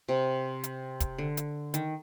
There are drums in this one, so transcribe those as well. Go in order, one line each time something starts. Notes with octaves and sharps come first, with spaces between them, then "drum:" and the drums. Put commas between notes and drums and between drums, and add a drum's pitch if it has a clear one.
C3
drum: hi-hat
drum: kick, hi-hat
D3
drum: hi-hat
D#3, drum: hi-hat